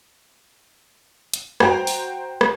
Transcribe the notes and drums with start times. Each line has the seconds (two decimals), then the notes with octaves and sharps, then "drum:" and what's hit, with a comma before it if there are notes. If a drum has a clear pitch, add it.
1.34 drum: hi-hat
1.60 F#4 C5 G5 A#5, drum: rim click
1.87 drum: open hi-hat
2.41 drum: rim click